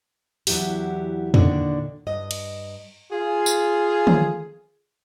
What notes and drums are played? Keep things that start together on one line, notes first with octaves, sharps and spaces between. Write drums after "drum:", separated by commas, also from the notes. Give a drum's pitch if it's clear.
E2 F#3 E4 F#4 G4, drum: open hi-hat
A#2 D3 D#3 D4 F#4, drum: tom E2
G2 D#5
drum: cymbal
F4 G#4
drum: tambourine
drum: tom